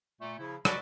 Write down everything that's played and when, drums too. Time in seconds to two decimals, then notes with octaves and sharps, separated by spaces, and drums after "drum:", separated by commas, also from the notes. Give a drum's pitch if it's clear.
0.21 A#2 A3
0.39 C#3 F3 E4
0.65 F#3 G#3 D5 B5, drum: rim click